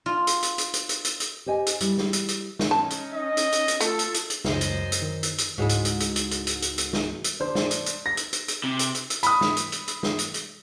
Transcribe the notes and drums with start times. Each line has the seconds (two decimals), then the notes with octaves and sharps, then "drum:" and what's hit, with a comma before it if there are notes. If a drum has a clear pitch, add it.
0.06 F4
0.27 drum: hi-hat
0.43 drum: hi-hat
0.58 drum: hi-hat
0.74 drum: hi-hat
0.89 drum: hi-hat
1.05 drum: hi-hat
1.20 drum: hi-hat
1.46 G4 C5 D#5 G#5
1.66 drum: hi-hat
1.80 G3 E4, drum: hi-hat
1.97 drum: snare
2.13 drum: hi-hat
2.28 drum: hi-hat
2.59 drum: snare
2.71 C#4 D#4 A5
2.90 drum: hi-hat
3.13 D#5
3.37 drum: hi-hat
3.52 drum: hi-hat
3.68 drum: hi-hat
3.80 A3 F4 A4, drum: hi-hat
3.99 drum: hi-hat
4.14 drum: hi-hat
4.30 drum: hi-hat
4.45 C#2 F#2 C5 D#5, drum: snare
4.61 drum: hi-hat
4.92 drum: hi-hat
5.02 D#3
5.23 drum: hi-hat
5.38 drum: hi-hat
5.58 C#2 G#2 E4 F#4 G#4
5.69 drum: hi-hat
5.85 drum: hi-hat
6.00 drum: hi-hat
6.16 drum: hi-hat
6.31 drum: hi-hat
6.47 drum: hi-hat
6.62 drum: hi-hat
6.78 drum: hi-hat
6.93 drum: snare
7.24 drum: hi-hat
7.40 D4 C5
7.55 drum: snare
7.71 drum: hi-hat
7.86 drum: hi-hat
8.06 A#6
8.17 drum: hi-hat
8.33 drum: hi-hat
8.48 drum: hi-hat
8.64 C3
8.79 drum: hi-hat
8.95 drum: hi-hat
9.10 drum: hi-hat
9.23 B5 D#6, drum: hi-hat
9.41 drum: snare
9.57 drum: hi-hat
9.72 drum: hi-hat
9.88 drum: hi-hat
10.03 drum: snare
10.19 drum: hi-hat
10.34 drum: hi-hat